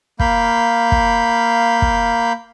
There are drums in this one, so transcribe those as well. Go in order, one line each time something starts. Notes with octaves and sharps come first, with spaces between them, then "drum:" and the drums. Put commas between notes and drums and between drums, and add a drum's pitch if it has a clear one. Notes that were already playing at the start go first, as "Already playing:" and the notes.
A#3 F5 B5 G6, drum: kick
drum: kick
drum: kick